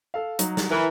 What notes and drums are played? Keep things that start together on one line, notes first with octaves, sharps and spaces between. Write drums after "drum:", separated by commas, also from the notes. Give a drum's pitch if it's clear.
A4 F5
F#3 D#4, drum: hi-hat
drum: snare
E3 A#4